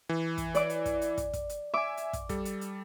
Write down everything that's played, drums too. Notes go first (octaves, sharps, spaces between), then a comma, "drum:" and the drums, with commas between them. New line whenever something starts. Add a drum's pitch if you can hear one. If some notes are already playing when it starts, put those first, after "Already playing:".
E3
drum: kick, hi-hat
D5 D6, drum: hi-hat
drum: hi-hat
drum: kick, hi-hat
drum: hi-hat
drum: kick, hi-hat
drum: kick, hi-hat
drum: hi-hat
E5 G#5 D6
drum: hi-hat
drum: kick, hi-hat
G3 A4, drum: kick, hi-hat
drum: hi-hat
drum: hi-hat